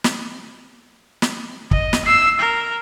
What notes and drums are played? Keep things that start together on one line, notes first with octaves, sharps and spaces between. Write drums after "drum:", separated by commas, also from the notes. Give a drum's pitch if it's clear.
drum: snare
drum: snare
D#5, drum: kick
drum: snare
E6 C7
A#4